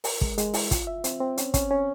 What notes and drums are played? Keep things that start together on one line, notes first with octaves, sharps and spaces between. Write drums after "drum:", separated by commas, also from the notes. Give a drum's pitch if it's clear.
A#4, drum: open hi-hat
G#3, drum: kick
G#3, drum: hi-hat
E4, drum: open hi-hat
F4, drum: kick, hi-hat
E5
C4, drum: hi-hat
C4
C#4, drum: hi-hat
C#4, drum: kick, hi-hat
C#4